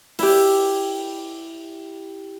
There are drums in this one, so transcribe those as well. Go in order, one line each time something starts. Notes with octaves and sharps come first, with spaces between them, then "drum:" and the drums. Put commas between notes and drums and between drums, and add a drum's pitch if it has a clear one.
E4 G4, drum: open hi-hat